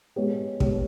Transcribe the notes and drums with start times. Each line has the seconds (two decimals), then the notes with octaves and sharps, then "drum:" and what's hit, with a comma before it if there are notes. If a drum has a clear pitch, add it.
0.16 G#3 B3 G4 C#5
0.60 G#3 B3 G4 C#5, drum: kick